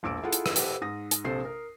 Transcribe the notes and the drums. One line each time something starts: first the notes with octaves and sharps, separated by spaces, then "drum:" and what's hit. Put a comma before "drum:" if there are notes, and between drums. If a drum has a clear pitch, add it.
E1 A#1 D6 E6 D7
E4 F4 G#4 A4 F#5
drum: hi-hat
drum: rim click
G4 A4 B4 C5 F#5, drum: hi-hat
G#2 D#6 A#6
drum: hi-hat
A#1 C3 A4 C5 C7
A#4